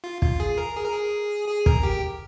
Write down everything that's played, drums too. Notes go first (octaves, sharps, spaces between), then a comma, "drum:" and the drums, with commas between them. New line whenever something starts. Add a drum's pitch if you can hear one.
F4
F4, drum: kick
G#4
A#4
G#4
A#4
G#4
G#4
A#4, drum: kick
G4